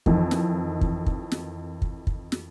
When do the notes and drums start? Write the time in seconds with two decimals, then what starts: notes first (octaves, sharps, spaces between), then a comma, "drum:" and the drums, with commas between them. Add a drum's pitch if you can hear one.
0.06 F2 D#3 E3, drum: kick
0.31 drum: snare
0.81 drum: kick
1.06 drum: kick
1.32 drum: snare
1.82 drum: kick
2.07 drum: kick
2.32 drum: snare